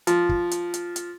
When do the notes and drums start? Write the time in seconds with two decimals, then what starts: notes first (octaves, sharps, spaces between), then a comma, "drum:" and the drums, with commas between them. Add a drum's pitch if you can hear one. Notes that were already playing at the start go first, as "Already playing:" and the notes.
0.07 F3, drum: hi-hat
0.29 drum: kick
0.51 drum: hi-hat
0.74 drum: hi-hat
0.96 drum: hi-hat